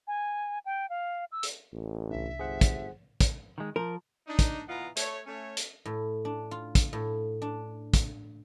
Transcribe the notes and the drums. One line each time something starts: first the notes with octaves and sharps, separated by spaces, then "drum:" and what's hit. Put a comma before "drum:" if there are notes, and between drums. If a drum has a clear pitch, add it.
G#5
G5
F5
E6
drum: hi-hat
A1
C2 D4 E5
G1 G#4 C5 F#5
drum: kick, hi-hat
drum: kick, hi-hat
D#3 G#3
F3 A#4
D4 D#4
drum: kick, hi-hat
E3 B3 F4 D#5 F#5 A#5
A3 C#5, drum: hi-hat
A3 C#4 C#5
drum: hi-hat
A2
D4
F4
drum: kick, hi-hat
A2
D4
drum: kick, hi-hat